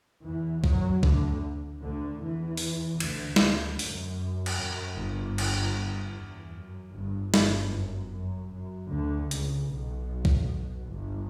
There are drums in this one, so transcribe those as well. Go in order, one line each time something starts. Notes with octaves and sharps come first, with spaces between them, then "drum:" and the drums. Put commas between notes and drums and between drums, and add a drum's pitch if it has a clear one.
E2 E3
F#2 F#3, drum: kick B1
D2 D3, drum: kick B1
D2 D3
E2 E3
drum: open hi-hat
D2 D3, drum: cymbal
drum: snare
F#2, drum: open hi-hat
drum: cymbal
F#2
G1 G2
drum: cymbal
E2
F#2
G1 G2
G1 G2, drum: snare
F#2
F#2
F#2
D2 D3
C#2 C#3, drum: hi-hat
B1 B2
drum: kick B1
G1 G2